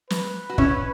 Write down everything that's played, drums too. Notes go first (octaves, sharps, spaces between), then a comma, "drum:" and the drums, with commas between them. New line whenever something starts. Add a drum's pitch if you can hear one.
B4, drum: snare
F#4
C#4 E4, drum: kick